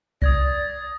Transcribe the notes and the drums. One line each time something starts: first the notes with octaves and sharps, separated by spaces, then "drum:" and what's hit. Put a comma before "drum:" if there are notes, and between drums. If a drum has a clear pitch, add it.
D5 D#6 G#6 A#6, drum: kick C2